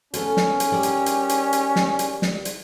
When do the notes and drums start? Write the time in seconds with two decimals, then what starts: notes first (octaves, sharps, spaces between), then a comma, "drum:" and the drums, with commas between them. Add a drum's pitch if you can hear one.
0.14 B3 C#4 A4 A#4, drum: hi-hat
0.37 drum: snare
0.60 drum: hi-hat
0.72 G3 A#4 D5
0.83 drum: hi-hat
1.06 drum: hi-hat
1.29 drum: hi-hat
1.53 drum: hi-hat
1.76 drum: snare
1.99 drum: hi-hat
2.22 drum: snare
2.45 drum: hi-hat